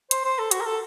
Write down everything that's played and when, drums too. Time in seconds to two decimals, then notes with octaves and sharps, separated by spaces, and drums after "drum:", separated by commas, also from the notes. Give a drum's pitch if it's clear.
0.11 C5, drum: hi-hat
0.25 C5
0.39 A4
0.51 F#4, drum: hi-hat
0.61 A#4
0.66 A4